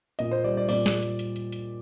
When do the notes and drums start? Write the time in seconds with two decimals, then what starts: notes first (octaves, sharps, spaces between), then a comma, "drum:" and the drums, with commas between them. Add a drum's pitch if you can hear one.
0.19 A#2 D#5, drum: hi-hat
0.31 C5
0.44 G3 D5
0.57 D5
0.69 A#2 D5, drum: open hi-hat
0.86 drum: snare
1.02 drum: hi-hat
1.19 drum: hi-hat
1.36 drum: hi-hat
1.52 drum: hi-hat